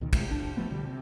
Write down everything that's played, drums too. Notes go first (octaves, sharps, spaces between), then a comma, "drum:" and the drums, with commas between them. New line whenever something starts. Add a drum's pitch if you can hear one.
C#2 B2 D#3
C3 G#3 A3, drum: kick, cymbal
F#1 C3 D4
F1 F3 A3 B3
C2 B2 D3 G3
C3